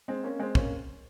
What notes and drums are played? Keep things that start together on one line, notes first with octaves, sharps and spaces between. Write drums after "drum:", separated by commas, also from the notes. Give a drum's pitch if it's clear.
G#3 C4
A#3 C#4
G#3 C4
A#3 C#4, drum: kick